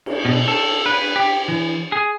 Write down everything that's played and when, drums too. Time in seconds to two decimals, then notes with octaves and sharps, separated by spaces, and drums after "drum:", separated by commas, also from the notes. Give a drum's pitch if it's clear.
0.06 drum: cymbal
0.25 B2
0.48 A4
0.86 B4
1.16 G4
1.48 E3
1.92 G#4